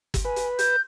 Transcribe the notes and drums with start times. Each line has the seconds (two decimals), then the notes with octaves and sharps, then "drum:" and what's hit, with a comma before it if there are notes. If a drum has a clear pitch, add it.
0.14 drum: kick G1, hi-hat
0.25 B4 G#5
0.36 drum: hi-hat
0.59 G6, drum: hi-hat